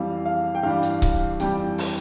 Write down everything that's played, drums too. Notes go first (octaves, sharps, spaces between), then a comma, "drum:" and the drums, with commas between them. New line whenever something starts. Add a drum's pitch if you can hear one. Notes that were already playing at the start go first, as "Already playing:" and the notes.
Already playing: F2 E3 G3 F5
F5
G5
G2 E3 G3 F5
drum: hi-hat
drum: kick C#1, hi-hat
F2 E3 G3 G5, drum: hi-hat
drum: open hi-hat